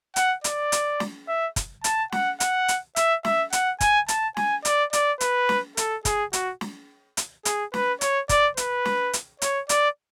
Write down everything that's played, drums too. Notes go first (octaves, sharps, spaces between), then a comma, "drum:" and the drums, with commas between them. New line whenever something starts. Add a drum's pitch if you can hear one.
F#5, drum: hi-hat
D5, drum: hi-hat
drum: hi-hat
drum: snare
E5
drum: kick, hi-hat
A5, drum: hi-hat
F#5, drum: snare
F#5, drum: hi-hat
drum: hi-hat
E5, drum: hi-hat
E5, drum: snare
F#5, drum: hi-hat
G#5, drum: kick, hi-hat
A5, drum: hi-hat
G#5, drum: snare
D5, drum: hi-hat
D5, drum: hi-hat
B4, drum: hi-hat
drum: snare
A4, drum: hi-hat
G#4, drum: kick, hi-hat
F#4, drum: hi-hat
drum: snare
drum: hi-hat
G#4, drum: hi-hat
B4, drum: snare
C#5, drum: hi-hat
D5, drum: kick, hi-hat
B4, drum: hi-hat
drum: snare
drum: hi-hat
C#5, drum: hi-hat
D5, drum: hi-hat